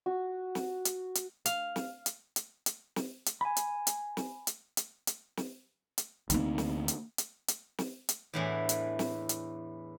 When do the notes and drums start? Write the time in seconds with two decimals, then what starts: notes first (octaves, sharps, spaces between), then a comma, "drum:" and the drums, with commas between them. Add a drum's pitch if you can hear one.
0.06 F#4
0.55 drum: snare
0.85 drum: hi-hat
1.15 drum: hi-hat
1.46 F5, drum: hi-hat
1.76 drum: snare
2.06 drum: hi-hat
2.36 drum: hi-hat
2.66 drum: hi-hat
2.96 drum: snare
3.26 drum: hi-hat
3.41 G#5 B5
3.57 drum: hi-hat
3.87 drum: hi-hat
4.17 drum: snare
4.47 drum: hi-hat
4.77 drum: hi-hat
5.07 drum: hi-hat
5.37 drum: snare
5.98 drum: hi-hat
6.30 D2 A3 A#3 C4 D#4, drum: hi-hat
6.58 drum: snare
6.88 drum: hi-hat
7.18 drum: hi-hat
7.48 drum: hi-hat
7.78 drum: snare
8.09 drum: hi-hat
8.34 E2 A2 E3 D4
8.69 drum: hi-hat
8.99 drum: snare
9.29 drum: hi-hat